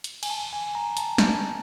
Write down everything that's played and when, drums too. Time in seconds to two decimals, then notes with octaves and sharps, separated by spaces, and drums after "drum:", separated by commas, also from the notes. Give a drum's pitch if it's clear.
0.04 drum: hi-hat
0.23 G#5, drum: cymbal
0.30 A5
0.53 G#5
0.75 A#5
0.97 A5, drum: hi-hat
1.18 A5, drum: snare